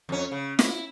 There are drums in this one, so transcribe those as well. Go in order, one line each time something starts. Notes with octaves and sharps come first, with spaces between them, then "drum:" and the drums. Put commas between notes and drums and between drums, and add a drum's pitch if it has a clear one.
F2 C#4
C#3
E4, drum: snare